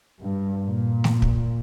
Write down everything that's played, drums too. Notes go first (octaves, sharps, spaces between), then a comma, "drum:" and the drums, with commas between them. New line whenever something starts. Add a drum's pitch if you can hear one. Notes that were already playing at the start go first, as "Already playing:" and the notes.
G2
A#2
drum: snare A3
drum: kick